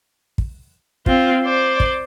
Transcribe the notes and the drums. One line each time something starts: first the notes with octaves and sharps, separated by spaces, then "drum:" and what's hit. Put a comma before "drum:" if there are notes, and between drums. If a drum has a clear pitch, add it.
drum: kick
C4 F4, drum: kick
C5 D5
drum: kick